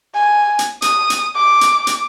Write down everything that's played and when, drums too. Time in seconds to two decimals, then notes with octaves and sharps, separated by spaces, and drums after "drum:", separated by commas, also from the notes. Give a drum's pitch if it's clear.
0.14 G#5
0.59 drum: hi-hat
0.82 D#6, drum: hi-hat
1.10 drum: hi-hat
1.36 D6
1.61 drum: hi-hat
1.87 drum: hi-hat